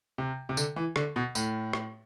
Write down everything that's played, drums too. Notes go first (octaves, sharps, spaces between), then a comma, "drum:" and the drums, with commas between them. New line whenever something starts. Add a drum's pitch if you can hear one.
C3
C3
D3, drum: tambourine
E3
D3, drum: rim click
B2
A2, drum: tambourine
drum: rim click